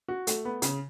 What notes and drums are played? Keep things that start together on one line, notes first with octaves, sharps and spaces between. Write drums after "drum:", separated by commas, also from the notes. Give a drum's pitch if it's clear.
F#4
A3, drum: hi-hat
B3
C#3, drum: hi-hat